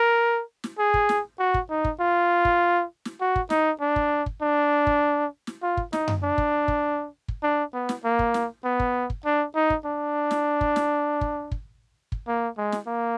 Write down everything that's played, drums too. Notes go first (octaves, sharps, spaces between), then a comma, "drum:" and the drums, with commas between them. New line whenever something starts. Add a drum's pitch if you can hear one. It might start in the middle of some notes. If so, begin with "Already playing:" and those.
Already playing: A#4
drum: snare
G#4
drum: kick
drum: snare
F#4
drum: kick
D#4
drum: kick
F4
drum: kick
drum: snare
F#4
drum: kick
D#4, drum: snare
D4
drum: kick
drum: kick
D4
drum: kick
drum: snare
F4
drum: kick
D#4, drum: snare
drum: tom F#2
D4
drum: kick
drum: kick
drum: kick
D4
B3
drum: snare
A#3
drum: kick
drum: snare
B3
drum: kick
drum: kick
D4
D#4
drum: kick
D4
drum: snare
drum: kick
drum: snare
drum: kick
drum: kick
drum: kick
A#3
G#3
drum: snare
A#3